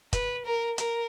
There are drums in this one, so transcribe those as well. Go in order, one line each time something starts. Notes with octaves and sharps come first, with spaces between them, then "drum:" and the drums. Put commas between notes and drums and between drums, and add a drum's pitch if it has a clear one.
B4, drum: kick, hi-hat
A#4
A#4, drum: hi-hat